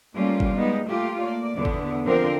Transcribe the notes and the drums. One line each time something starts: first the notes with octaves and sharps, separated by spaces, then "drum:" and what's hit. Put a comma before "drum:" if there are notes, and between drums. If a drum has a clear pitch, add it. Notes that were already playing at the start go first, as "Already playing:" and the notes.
G3 A3 A#3 C#4 F4
drum: kick G1
G#3 B3 D#4
A3 A#3 F4 G4
A#3 D5
E2 D3 B3
drum: kick G1
D3 F3 C4 D4 A#4